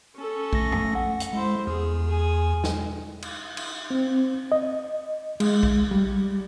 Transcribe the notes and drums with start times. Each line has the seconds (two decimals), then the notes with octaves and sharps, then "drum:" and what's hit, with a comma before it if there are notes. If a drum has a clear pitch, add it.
0.16 C#4 A4
0.53 A3 A#6, drum: kick A#1
0.72 drum: tom F2
0.95 F#5
1.20 drum: hi-hat
1.33 G#3 E4 C5
1.67 E2 G#4
2.06 G#4 G#5
2.64 drum: snare
3.22 drum: cymbal
3.57 drum: cymbal
3.91 C4
4.52 D#5
5.40 G#3, drum: cymbal
5.63 drum: kick A#1
5.91 G3